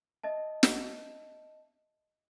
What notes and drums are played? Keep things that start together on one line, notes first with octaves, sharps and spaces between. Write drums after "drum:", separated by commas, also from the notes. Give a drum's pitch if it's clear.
D#5 E5 A5
drum: snare